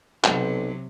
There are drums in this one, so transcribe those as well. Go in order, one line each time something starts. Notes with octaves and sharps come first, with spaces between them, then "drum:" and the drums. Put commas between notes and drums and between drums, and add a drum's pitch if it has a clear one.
B1 C3 F#3, drum: clap